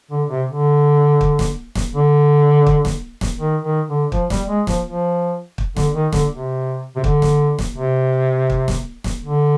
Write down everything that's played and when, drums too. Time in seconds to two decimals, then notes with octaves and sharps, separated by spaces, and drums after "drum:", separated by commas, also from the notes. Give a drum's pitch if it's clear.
0.11 D3
0.30 C3
0.48 D3
1.21 drum: kick
1.39 drum: snare
1.75 drum: snare
1.94 D3
2.67 drum: kick
2.85 drum: snare
3.21 drum: snare
3.39 D#3
3.63 D#3
3.88 D3
4.12 F3, drum: kick
4.30 G3, drum: snare
4.49 G#3
4.67 F3, drum: snare
4.85 F3
5.58 drum: kick
5.76 D3, drum: snare
5.95 D#3
6.12 D3, drum: snare
6.31 C3
6.96 C3
7.04 D3, drum: kick
7.22 drum: snare
7.59 drum: snare
7.76 C3
8.50 drum: kick
8.68 drum: snare
9.04 drum: snare
9.22 D3